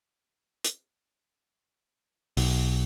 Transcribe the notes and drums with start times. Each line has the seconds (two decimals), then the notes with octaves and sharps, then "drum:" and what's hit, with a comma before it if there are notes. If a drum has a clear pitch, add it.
0.64 drum: hi-hat
2.37 B1, drum: open hi-hat